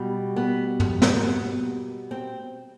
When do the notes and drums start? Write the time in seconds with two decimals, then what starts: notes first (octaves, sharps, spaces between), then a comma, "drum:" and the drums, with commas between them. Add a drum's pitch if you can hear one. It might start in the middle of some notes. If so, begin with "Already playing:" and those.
Already playing: B2 G3
0.36 B3
0.80 drum: tom
1.02 drum: snare
1.13 A#3
1.23 B3
2.11 C4